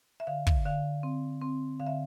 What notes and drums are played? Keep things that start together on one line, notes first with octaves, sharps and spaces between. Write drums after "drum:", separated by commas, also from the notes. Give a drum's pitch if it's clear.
E5
D3 F5
drum: kick
D3 F5
C4
C4
D3 F5
E5